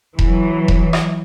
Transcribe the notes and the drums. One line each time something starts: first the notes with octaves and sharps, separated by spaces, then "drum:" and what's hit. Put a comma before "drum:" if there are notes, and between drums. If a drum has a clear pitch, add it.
E3 F#3, drum: kick E1
drum: kick E1
drum: rim click